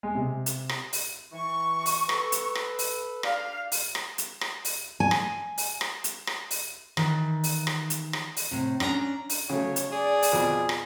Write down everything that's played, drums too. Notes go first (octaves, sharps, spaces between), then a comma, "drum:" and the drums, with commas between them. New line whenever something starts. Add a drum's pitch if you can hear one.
G#3
C3
drum: hi-hat
drum: rim click
drum: open hi-hat
E3 C#6
drum: open hi-hat
A4 B4, drum: rim click
drum: hi-hat
drum: rim click
drum: open hi-hat
D4 G4 D5 F5, drum: rim click
drum: open hi-hat
drum: rim click
drum: hi-hat
drum: rim click
drum: open hi-hat
G#5
drum: rim click
drum: open hi-hat
drum: rim click
drum: hi-hat
drum: rim click
drum: open hi-hat
D#3 E3, drum: rim click
drum: open hi-hat
drum: rim click
drum: hi-hat
drum: rim click
drum: open hi-hat
A2 C3
C#4 D4 E4 A#5, drum: rim click
drum: open hi-hat
C#3 F#3 A3 C#5
drum: hi-hat
G#4 D5
drum: open hi-hat
F2 B2 F3
drum: rim click